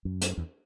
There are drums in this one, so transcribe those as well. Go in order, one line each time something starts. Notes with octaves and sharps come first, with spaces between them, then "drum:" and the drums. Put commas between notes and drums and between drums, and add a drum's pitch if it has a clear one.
F#2
drum: hi-hat
E2